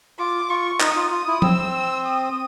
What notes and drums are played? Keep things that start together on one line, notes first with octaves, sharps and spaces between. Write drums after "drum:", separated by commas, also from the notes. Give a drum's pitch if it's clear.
F4 D6
F4 C#6
D#4 D#6, drum: clap
F4
F4 D#6
E4
C4 E6, drum: tom F3
D#6